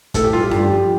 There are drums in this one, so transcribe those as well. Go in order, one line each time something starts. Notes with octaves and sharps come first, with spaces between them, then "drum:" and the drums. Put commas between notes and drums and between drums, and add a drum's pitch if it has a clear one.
A2 A4, drum: kick, hi-hat
G4
G3 F4
G4
G2, drum: snare C#4
F3